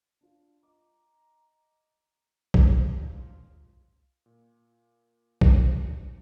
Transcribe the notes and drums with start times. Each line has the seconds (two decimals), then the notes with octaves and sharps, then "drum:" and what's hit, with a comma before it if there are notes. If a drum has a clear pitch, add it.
0.21 D4 F4
0.63 D#5 A#5 D6
2.54 drum: kick B1
3.06 F4
4.26 A#2
5.41 drum: kick B1
5.86 C#7